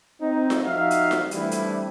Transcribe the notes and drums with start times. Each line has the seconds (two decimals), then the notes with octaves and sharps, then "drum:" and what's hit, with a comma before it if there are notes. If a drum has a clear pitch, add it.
0.21 C4 D#4
0.50 drum: snare F4
0.66 F3 D#4 F#4 E5 F5
0.91 drum: hi-hat
1.11 drum: snare F4
1.31 E3 G3 A3 C4 D4 E4, drum: hi-hat
1.51 drum: hi-hat